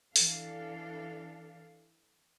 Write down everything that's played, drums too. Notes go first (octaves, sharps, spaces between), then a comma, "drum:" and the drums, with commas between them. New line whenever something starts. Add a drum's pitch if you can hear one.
E3 D4 A4 F5, drum: open hi-hat